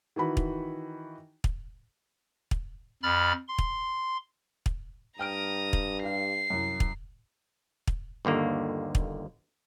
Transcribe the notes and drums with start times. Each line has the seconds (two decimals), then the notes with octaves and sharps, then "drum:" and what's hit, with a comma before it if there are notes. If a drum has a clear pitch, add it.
0.16 D#3 E3 F#4 B5
0.37 drum: kick
1.44 drum: kick
2.51 drum: kick
3.03 F2 B5 F6 A6
3.48 C6
3.58 drum: kick
4.66 drum: kick
5.19 G2 G5 A#5 D#6 F6 D7
5.73 drum: kick
6.04 G4 F5 C7
6.50 C2 F#2
6.80 drum: kick
7.87 drum: kick
8.25 G1 D#2 D3 A#3
8.95 drum: kick